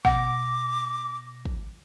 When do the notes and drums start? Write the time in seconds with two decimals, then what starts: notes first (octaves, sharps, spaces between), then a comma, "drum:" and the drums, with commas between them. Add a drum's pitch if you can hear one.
0.05 B2 F#5 D6 A#6, drum: kick
1.45 drum: kick